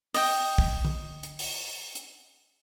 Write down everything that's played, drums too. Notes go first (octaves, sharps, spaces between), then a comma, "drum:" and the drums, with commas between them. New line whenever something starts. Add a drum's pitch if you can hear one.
D#5 G5, drum: open hi-hat
drum: kick
drum: tom D3
drum: hi-hat
drum: open hi-hat
drum: hi-hat